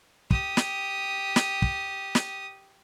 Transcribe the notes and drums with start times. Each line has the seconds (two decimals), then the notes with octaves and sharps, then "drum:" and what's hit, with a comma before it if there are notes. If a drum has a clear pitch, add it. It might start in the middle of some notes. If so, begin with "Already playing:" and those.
0.31 G4 D#6, drum: kick
0.57 drum: snare
1.36 drum: snare
1.62 drum: kick
2.15 drum: snare